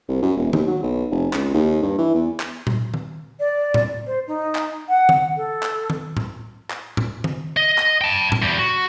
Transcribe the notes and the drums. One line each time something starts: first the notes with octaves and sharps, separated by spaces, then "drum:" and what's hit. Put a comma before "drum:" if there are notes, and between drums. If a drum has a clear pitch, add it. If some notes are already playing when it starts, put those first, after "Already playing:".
C2
F#2
E1
D#2, drum: tom D#3
F#3
B1
F1
C#2, drum: clap
D#2
G2
E3
E2
drum: clap
drum: tom A#2
drum: tom D#3
D5
drum: tom A2
C5
D#4
drum: clap
F#5
drum: tom D#3
A4
drum: clap
drum: tom D#3
drum: tom A2
drum: clap
drum: tom A2
drum: tom D#3
D#5
drum: clap
G5 A5
drum: tom A2
E2 G3
F#4